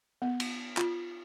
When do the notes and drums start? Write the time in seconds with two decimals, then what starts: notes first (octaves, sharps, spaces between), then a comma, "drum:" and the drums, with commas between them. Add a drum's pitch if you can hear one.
0.22 B3
0.40 drum: cymbal
0.77 F4, drum: clap